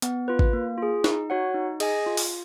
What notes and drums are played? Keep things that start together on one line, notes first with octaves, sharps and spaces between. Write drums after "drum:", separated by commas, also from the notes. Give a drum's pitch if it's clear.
B3, drum: hi-hat
F4 B4
drum: kick A1
A#3
F4 G#4
D#4, drum: snare
F#4 C#5 F#5
D#4
G#4 D#5 G#5, drum: cymbal
F4
drum: open hi-hat